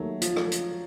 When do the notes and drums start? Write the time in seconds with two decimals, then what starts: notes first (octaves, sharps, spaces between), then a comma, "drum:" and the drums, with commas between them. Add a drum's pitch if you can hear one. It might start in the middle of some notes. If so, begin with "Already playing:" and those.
Already playing: D#2 D#3 F#3 A3
0.22 F3, drum: hi-hat
0.37 drum: rim click
0.52 drum: hi-hat